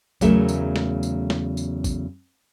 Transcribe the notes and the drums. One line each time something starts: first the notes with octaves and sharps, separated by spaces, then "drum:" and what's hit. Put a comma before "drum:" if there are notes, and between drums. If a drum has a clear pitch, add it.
E2 C#3 F#3 A3 A#4 E5, drum: kick A1, tambourine
drum: tambourine
drum: snare
drum: tambourine
drum: snare
drum: tambourine
drum: kick A1, tambourine